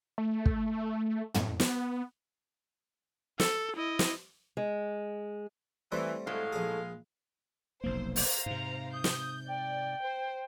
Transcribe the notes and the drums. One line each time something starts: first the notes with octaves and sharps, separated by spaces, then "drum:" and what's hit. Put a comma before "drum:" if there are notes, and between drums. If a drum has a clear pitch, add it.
A3
drum: kick
A2, drum: tom
B3, drum: snare
A4, drum: snare
E4 D#5
drum: snare
G#3
E3 G3 A3 C4
A2 F#3 G#3 A4 F5
A#1 G#4
F1 B1 A#3 C5
C5 F5 A#5, drum: open hi-hat
G#2 C3 F7
D#6 G6
drum: snare
D5 G5
C5